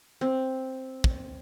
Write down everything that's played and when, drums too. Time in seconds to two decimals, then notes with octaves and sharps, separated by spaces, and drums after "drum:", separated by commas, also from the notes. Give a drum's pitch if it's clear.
0.21 C4
1.04 drum: kick